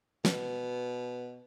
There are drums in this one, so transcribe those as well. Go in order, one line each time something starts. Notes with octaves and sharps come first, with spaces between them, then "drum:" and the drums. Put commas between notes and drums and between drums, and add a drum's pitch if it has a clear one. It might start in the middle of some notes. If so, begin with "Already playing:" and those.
B2, drum: snare